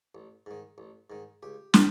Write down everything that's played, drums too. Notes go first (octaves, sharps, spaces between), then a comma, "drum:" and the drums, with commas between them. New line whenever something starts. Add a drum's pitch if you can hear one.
A1
G#2 D#3
A1
G#2 D#3
C#2 G4
C3 D#3, drum: snare